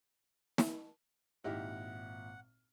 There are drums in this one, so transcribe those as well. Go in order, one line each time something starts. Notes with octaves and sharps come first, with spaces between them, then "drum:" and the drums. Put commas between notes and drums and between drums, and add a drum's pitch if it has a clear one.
drum: snare
G#1 A#2 D#4 E4 G4 F#5 F6